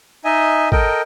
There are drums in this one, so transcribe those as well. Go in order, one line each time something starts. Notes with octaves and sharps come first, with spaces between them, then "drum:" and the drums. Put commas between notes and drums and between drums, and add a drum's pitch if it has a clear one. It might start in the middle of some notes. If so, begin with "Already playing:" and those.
D#4 D#5 E5 G#5
A4 A#4 D#5 G5, drum: kick